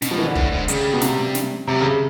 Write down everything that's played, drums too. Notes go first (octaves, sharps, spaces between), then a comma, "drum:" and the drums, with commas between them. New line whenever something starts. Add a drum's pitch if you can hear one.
B2, drum: snare
F3
E3
D3
A2, drum: kick
G#2
G2 C#3, drum: hi-hat
B2
C3, drum: snare
drum: snare
F#2 C3
G2 C#3